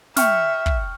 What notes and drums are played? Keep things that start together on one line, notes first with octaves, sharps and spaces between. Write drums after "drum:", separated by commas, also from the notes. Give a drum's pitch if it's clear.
E5 G5 C#6 F6, drum: snare
drum: kick